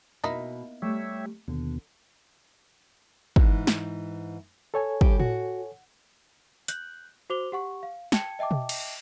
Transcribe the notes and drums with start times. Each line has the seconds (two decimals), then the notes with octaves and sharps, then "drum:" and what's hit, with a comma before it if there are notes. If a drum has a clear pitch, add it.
0.24 B2 A#3 D#4 E4
0.82 G3 A3 G4 C#5 E5
1.48 D#2 B2 D3
3.36 G#2 E3, drum: kick
3.67 drum: snare
4.74 A4 C#5 G#5
5.01 G3 G4, drum: kick
5.20 F#4, drum: tom A2
6.68 F#6 G6 F#7, drum: hi-hat
7.30 F#4 C5 D6 F7 G7
7.52 G4 F#5 C#6
7.83 F5
8.12 G5 A5 G#6 C#7, drum: snare
8.39 D#5 E5 G5 A5 D6
8.51 drum: tom B2
8.69 drum: cymbal